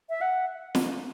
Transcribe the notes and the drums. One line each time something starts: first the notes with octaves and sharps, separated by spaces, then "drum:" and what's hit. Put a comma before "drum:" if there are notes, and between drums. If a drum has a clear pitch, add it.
E5
F#5
drum: snare